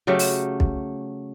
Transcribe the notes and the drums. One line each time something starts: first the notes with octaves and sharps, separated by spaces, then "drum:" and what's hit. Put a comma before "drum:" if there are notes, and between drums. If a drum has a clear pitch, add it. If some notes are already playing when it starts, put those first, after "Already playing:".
C#3 F#3 A3 G4
drum: open hi-hat
drum: kick